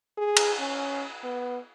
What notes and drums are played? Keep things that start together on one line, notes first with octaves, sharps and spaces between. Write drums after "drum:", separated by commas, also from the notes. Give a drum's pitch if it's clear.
G#4
drum: cymbal
C#4
B3